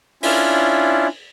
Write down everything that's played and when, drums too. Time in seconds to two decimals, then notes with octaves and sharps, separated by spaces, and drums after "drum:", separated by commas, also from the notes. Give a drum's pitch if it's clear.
0.23 C#4 D4 E4 F4, drum: open hi-hat